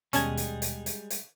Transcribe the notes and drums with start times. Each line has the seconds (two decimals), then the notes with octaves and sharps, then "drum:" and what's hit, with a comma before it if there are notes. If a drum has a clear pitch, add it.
0.13 D#2 B2 G3 G#3 C#4 G#4 A5 G#6, drum: hi-hat
0.37 drum: hi-hat
0.62 drum: hi-hat
0.86 drum: hi-hat
1.10 drum: hi-hat